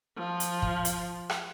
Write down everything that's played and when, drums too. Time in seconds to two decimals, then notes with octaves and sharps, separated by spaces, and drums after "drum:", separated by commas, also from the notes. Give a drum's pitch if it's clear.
0.18 F3
0.40 drum: hi-hat
0.62 drum: kick
0.85 drum: hi-hat
1.29 drum: rim click